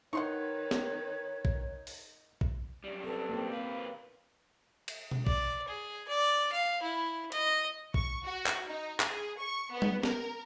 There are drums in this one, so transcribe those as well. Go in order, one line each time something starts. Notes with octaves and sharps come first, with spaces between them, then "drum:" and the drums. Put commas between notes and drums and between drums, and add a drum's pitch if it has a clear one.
D#3 D#4 B4 C#5 F#5 C6 C#6
drum: snare
drum: kick
drum: open hi-hat
drum: kick
F#2 G3
C4 A4 B4
A#3 C4 G4
D#2 B4 F5
drum: cymbal
drum: tom B2
D5, drum: kick
G#4
D5
F5
E4
D#5, drum: hi-hat
C#6, drum: kick
F#4
drum: clap
D#4
G#4, drum: clap
C#6
B3
drum: tom G3
A#4, drum: snare